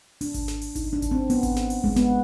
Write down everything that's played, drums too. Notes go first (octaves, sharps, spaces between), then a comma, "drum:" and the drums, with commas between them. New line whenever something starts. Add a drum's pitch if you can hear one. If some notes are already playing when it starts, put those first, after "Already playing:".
D4, drum: open hi-hat
drum: kick G#1, hi-hat
drum: snare
drum: open hi-hat
D#4, drum: kick G#1, hi-hat
D4
drum: kick G#1, hi-hat
C4
B3, drum: open hi-hat
drum: kick G#1, hi-hat
drum: snare
drum: open hi-hat
G#3, drum: kick G#1
B3, drum: snare